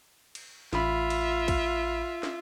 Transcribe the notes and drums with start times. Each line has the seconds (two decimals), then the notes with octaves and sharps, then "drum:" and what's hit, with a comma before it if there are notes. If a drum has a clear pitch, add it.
0.35 drum: cymbal
0.73 A1 F4 E5 B5, drum: snare
1.10 drum: cymbal
1.48 drum: kick, cymbal
2.23 drum: snare